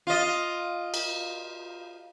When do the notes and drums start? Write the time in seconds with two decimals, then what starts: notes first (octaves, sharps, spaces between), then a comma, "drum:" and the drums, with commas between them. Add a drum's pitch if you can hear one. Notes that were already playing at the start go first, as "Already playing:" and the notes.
0.07 F4 D#5
0.94 drum: cymbal